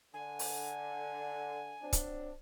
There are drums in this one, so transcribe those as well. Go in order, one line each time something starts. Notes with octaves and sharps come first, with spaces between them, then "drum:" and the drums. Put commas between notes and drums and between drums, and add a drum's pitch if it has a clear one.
D3 G#5
drum: open hi-hat
F#3 C4 D4
drum: kick C#1, hi-hat